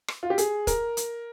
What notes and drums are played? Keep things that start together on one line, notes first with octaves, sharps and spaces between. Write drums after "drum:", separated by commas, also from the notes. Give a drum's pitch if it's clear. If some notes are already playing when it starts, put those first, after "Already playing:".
drum: rim click
F4
G4
G#4, drum: hi-hat
A#4, drum: kick, hi-hat
drum: hi-hat